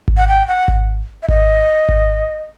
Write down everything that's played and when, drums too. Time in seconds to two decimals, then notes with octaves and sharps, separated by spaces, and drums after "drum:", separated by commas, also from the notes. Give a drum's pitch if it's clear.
0.08 drum: kick G#1
0.17 F#5
0.28 G5
0.48 F#5
0.68 drum: kick G#1
1.23 E5
1.29 D#5, drum: kick G#1
1.89 drum: kick G#1